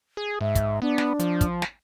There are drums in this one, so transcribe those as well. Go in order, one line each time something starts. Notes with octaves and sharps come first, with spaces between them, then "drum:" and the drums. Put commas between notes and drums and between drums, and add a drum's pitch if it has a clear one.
G#4
G#2 E5
drum: kick, hi-hat
B3 D4
drum: snare
F3, drum: hi-hat
drum: kick, hi-hat
drum: snare